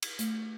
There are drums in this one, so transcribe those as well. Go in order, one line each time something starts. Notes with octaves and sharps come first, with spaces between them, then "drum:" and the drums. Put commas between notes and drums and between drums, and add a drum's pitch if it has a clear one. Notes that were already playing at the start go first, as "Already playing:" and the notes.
drum: cymbal
A3, drum: hi-hat